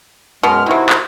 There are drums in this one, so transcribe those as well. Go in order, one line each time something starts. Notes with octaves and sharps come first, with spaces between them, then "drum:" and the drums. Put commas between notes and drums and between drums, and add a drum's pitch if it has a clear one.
F#2 B2 G#3 F6
C3 D#3 C4 E4 F#4
drum: clap